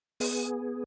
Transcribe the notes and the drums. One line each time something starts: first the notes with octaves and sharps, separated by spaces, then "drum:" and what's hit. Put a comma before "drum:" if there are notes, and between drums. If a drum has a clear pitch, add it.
B3 G#4, drum: open hi-hat